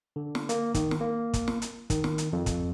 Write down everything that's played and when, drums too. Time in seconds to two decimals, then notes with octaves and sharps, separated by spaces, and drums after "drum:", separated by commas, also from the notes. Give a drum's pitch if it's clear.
0.16 D3
0.35 drum: snare
0.49 A#3, drum: hi-hat
0.74 D#3, drum: kick, hi-hat
0.91 drum: snare
1.01 A#3
1.34 drum: kick, hi-hat
1.48 drum: snare
1.62 drum: hi-hat
1.90 D#3, drum: kick, hi-hat
2.04 drum: snare
2.18 drum: hi-hat
2.33 F2
2.46 drum: kick, hi-hat